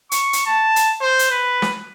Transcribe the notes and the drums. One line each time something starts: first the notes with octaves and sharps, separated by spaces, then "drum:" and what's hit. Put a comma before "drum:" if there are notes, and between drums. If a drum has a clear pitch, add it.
C#6, drum: hi-hat
drum: hi-hat
A5
drum: hi-hat
C5
drum: hi-hat
B4
drum: snare